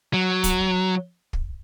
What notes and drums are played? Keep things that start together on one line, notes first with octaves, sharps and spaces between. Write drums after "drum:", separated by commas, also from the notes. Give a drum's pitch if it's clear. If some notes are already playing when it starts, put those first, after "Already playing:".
F#3
drum: kick, hi-hat
drum: kick